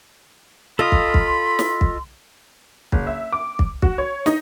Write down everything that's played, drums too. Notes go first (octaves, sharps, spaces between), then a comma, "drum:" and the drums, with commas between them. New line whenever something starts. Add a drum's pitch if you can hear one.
F4 A4 D#5 B5 C6 D#6
drum: kick
drum: kick
drum: snare
drum: kick
F#1, drum: kick
E5
D6
drum: kick
F#4, drum: kick
C#5
D#4, drum: snare